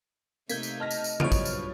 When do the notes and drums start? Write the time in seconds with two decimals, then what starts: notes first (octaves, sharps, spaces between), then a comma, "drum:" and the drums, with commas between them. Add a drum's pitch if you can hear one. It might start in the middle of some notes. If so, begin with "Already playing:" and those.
0.49 C3 A3 A#3 D#4 G6 G#6 B6, drum: tambourine
0.63 drum: tambourine
0.80 D#5 A5 F6 A#6
0.91 drum: tambourine
1.04 drum: tambourine
1.20 G2 F3 F#3 B4 C#5 F6 D7 D#7, drum: tom C#3
1.32 drum: kick, tambourine
1.45 drum: tambourine